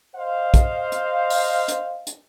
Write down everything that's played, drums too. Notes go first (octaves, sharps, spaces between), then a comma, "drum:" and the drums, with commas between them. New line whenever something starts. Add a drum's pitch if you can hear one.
C5 D#5 F5
drum: kick, hi-hat
drum: hi-hat
drum: open hi-hat
drum: hi-hat
drum: hi-hat